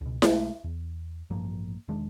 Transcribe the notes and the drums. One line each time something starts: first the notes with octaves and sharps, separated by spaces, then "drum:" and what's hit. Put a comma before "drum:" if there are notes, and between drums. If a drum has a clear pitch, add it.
C#2 B2
B1 G#3 A3, drum: snare E4
E2
A1 G2 F3 A#3
E1 D#3 G#3 D4